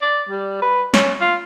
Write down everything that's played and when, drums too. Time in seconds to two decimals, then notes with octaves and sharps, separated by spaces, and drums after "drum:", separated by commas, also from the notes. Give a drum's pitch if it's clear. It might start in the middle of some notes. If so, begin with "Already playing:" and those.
0.02 D5
0.29 G3
0.62 B4
0.94 C#4, drum: snare
1.21 F4